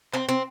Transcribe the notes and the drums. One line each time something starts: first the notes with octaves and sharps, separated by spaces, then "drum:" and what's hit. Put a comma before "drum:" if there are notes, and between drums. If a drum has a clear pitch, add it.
C4, drum: clap
C4